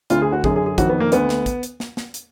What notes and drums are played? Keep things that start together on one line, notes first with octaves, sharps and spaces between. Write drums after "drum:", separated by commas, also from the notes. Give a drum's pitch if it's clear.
D2 D3 F4, drum: hi-hat
G#4
F#4
F#2 D3 G#4, drum: kick
G#4
G#4
F2 D#3 F#4, drum: kick, hi-hat
B3
A#3
D2 D3 B3, drum: hi-hat
drum: snare
drum: kick, hi-hat
drum: hi-hat
drum: snare
drum: snare
drum: hi-hat